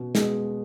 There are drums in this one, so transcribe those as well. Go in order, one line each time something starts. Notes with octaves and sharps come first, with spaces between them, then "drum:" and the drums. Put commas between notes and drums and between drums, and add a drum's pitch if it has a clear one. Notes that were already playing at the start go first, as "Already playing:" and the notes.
Already playing: B2
G#3 B3, drum: snare